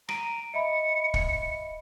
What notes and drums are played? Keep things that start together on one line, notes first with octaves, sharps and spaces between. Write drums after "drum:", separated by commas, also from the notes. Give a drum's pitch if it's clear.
A#5 D7 D#7, drum: rim click
D#5 E5 B5 C#7
drum: kick